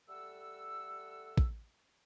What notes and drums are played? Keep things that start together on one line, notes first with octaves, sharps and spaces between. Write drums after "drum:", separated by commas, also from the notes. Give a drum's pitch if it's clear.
G3 A3 A4 F#5 E6
drum: kick